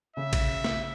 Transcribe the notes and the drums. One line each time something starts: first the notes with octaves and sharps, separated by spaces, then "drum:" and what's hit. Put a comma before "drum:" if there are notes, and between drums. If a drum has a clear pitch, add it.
C#3 E5
drum: kick A#1, cymbal
drum: snare